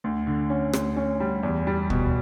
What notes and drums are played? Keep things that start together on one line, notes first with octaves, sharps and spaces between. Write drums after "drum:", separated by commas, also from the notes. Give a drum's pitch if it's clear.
D2
D3
C#4
D2, drum: rim click
C#4
G3
E2
G3
B2, drum: kick